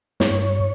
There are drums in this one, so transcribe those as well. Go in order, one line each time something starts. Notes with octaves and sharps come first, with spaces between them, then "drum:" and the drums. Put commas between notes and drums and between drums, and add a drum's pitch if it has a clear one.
G2 C#5, drum: snare